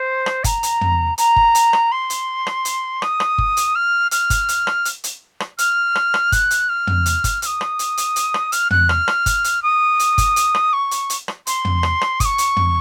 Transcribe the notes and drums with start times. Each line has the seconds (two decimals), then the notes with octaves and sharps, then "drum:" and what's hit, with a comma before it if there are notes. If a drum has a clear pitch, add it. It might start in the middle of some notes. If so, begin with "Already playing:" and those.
Already playing: C5
0.26 drum: rim click
0.44 A#5, drum: kick G1, hi-hat
0.63 drum: hi-hat
0.81 drum: tom
1.18 A#5, drum: hi-hat
1.36 drum: kick G1
1.55 drum: hi-hat
1.73 drum: rim click
1.92 C6
2.10 drum: hi-hat
2.47 drum: rim click
2.65 drum: hi-hat
3.02 D#6, drum: rim click
3.20 drum: rim click
3.38 drum: kick G1
3.57 drum: hi-hat
3.75 F6
4.11 F6, drum: hi-hat
4.30 drum: kick G1, hi-hat
4.49 drum: hi-hat
4.67 drum: rim click
4.85 drum: hi-hat
5.04 drum: hi-hat
5.40 drum: rim click
5.58 F6, drum: hi-hat
5.95 drum: rim click
6.14 drum: rim click
6.32 F#6, drum: kick G1, hi-hat
6.51 drum: hi-hat
6.69 F6
6.87 drum: tom
7.06 drum: hi-hat
7.24 drum: kick G1, hi-hat
7.42 F6, drum: hi-hat
7.46 D#6
7.61 drum: rim click
7.79 drum: hi-hat
7.97 drum: hi-hat
8.16 drum: hi-hat
8.34 drum: rim click
8.52 F6, drum: hi-hat
8.71 F#6, drum: tom
8.89 F6, drum: rim click
9.08 drum: rim click
9.26 drum: kick G1, hi-hat
9.44 drum: hi-hat
9.63 D#6
9.99 drum: hi-hat
10.18 drum: kick G1, hi-hat
10.36 drum: hi-hat
10.55 drum: rim click
10.73 C#6
10.91 drum: hi-hat
11.10 drum: hi-hat
11.28 drum: rim click
11.47 C6, drum: hi-hat
11.65 drum: tom
11.83 drum: rim click
12.01 drum: rim click
12.20 D#6, drum: kick G1, hi-hat
12.25 C#6
12.38 drum: hi-hat
12.57 drum: tom